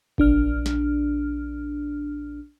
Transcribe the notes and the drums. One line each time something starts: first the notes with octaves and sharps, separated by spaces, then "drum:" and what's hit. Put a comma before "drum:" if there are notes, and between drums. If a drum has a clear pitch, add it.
A#1 D4 F6, drum: kick G1
drum: snare